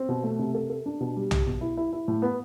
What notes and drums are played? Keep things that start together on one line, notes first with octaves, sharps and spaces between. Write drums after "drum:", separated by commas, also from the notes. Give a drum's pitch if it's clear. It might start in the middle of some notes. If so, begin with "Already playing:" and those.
Already playing: C4
B2
A3
C3
A4
A4
D4
B2
G3
G4, drum: tom B1
B2
E4
E4
E4
A2
B3